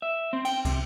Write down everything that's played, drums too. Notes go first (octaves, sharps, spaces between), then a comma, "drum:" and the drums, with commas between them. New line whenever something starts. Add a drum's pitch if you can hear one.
E5
C4
G5, drum: cymbal
C3, drum: kick, cymbal